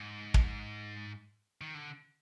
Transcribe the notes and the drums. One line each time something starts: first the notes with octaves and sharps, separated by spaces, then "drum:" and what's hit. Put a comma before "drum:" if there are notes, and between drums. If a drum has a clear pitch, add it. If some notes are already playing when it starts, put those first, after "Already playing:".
Already playing: G#2
drum: kick
D#3
D3